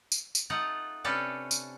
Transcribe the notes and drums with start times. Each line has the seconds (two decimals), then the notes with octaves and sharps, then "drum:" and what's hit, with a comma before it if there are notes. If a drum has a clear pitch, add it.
0.12 drum: tambourine
0.35 drum: tambourine
0.50 A3 D#4 F4 F#5
1.04 C3 C#4 D4 G4 A4 B4
1.51 drum: tambourine